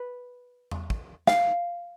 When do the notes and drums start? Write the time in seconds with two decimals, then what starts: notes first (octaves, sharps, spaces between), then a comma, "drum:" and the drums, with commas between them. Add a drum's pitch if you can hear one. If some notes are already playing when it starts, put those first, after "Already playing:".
Already playing: B4
0.71 drum: tom E2
0.90 drum: kick
1.27 F5, drum: snare